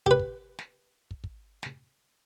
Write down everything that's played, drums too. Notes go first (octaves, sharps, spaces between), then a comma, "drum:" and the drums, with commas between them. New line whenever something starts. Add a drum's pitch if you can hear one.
G4 B4, drum: kick
drum: kick
drum: snare
drum: kick
drum: kick
drum: snare